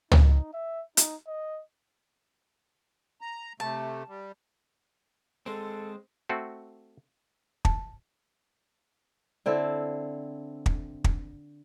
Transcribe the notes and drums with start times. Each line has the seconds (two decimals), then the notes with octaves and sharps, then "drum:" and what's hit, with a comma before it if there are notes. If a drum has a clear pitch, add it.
0.11 D#4, drum: tom
0.53 E5
0.97 D#4, drum: hi-hat
1.27 D#5
3.21 A#5
3.60 C3 A3 A5
4.08 G3
5.46 G#3 C4 A4
6.29 A3 C4 F#4
7.65 A5, drum: kick
9.46 D3 C4 E4 A4
10.66 drum: kick
11.04 drum: kick